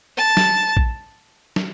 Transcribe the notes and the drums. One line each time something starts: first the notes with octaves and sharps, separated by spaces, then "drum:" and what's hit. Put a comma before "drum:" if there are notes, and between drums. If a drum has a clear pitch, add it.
A5
drum: snare
drum: kick A#1
drum: snare